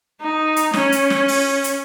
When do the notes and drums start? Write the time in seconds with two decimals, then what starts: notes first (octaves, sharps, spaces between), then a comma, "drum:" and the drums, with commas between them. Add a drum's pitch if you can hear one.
0.21 D#4
0.56 drum: hi-hat
0.73 C#4, drum: snare
0.92 drum: hi-hat
1.10 drum: snare
1.28 drum: open hi-hat
1.64 drum: hi-hat